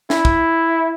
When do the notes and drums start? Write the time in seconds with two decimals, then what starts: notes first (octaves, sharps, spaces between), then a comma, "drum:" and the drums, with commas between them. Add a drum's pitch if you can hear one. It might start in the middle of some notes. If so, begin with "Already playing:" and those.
0.10 E4, drum: snare
0.25 drum: kick